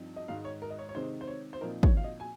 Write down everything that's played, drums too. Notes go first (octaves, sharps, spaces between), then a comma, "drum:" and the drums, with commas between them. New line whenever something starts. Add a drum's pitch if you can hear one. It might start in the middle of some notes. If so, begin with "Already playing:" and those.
Already playing: G2 F3 C4 D#4
D#5
G#2 D#3 G#3 D#4 F5
C#5
A#4
D#5
C#5
C#5
C3 D#3 G#3 D#4 C5
C5
C#5
C5
A#2 F3 C4 D#4 A#4
C#5, drum: kick
F5
D#5
G#5